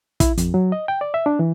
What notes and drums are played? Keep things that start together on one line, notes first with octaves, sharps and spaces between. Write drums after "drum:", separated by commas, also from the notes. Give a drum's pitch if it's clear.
E4, drum: kick, hi-hat
F2, drum: hi-hat
F#3
D#5
G5
D5
E5
D4
E3